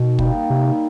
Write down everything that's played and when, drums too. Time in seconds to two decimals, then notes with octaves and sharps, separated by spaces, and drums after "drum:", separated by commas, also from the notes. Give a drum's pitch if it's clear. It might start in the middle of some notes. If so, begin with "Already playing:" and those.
Already playing: B2 D#3
0.19 G3 A#3 D#4, drum: kick
0.49 C3 D#3